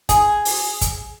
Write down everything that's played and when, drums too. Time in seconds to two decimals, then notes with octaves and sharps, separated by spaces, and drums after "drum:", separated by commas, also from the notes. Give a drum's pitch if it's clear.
0.09 G#4, drum: kick, hi-hat
0.45 drum: open hi-hat
0.81 drum: kick, hi-hat